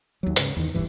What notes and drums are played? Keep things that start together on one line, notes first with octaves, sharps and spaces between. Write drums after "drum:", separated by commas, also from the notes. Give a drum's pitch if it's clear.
D#2 F#3
G#2 C#3, drum: hi-hat
E2 D#3
D#1 B1 G2 E3